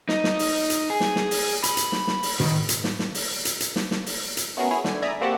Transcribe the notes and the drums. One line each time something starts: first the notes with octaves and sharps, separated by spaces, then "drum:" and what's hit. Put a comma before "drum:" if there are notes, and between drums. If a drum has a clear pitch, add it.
D#4, drum: snare
drum: snare
drum: open hi-hat
drum: hi-hat
G#4
drum: snare
drum: snare
drum: open hi-hat
B5, drum: hi-hat
drum: hi-hat
drum: snare
drum: snare
drum: open hi-hat
D#3, drum: tom
drum: hi-hat
drum: snare
drum: snare
drum: open hi-hat
drum: hi-hat
drum: hi-hat
drum: snare
drum: snare
drum: open hi-hat
drum: hi-hat
A3 B3 C#4 F#4 G#4 A#4
E4 G#4 C#5
D3 G#5, drum: snare
D5 E5 G#5 A#5 B5 D#6
A#3 C4 F#4 G4 F#5 A5